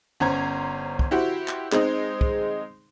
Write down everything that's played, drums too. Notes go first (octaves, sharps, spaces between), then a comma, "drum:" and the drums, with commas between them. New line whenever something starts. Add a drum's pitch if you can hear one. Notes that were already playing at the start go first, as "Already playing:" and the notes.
G1 C#4 C5 A#5 G#6
drum: kick
E4 F#4 G4 C5
drum: clap
G#3 C4 D#4, drum: clap
drum: kick